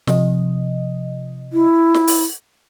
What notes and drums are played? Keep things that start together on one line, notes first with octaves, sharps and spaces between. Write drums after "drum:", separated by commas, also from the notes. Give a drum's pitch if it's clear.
C3 F3 D#5, drum: snare
E4
drum: snare
drum: open hi-hat